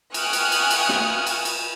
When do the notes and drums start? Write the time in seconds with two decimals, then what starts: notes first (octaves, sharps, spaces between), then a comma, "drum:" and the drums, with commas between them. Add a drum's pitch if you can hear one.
0.14 G5 G#5 C#6 D#6 F6 F#6, drum: cymbal
0.33 drum: cymbal
0.52 drum: cymbal
0.70 drum: cymbal
0.89 drum: snare
1.26 drum: cymbal
1.45 drum: cymbal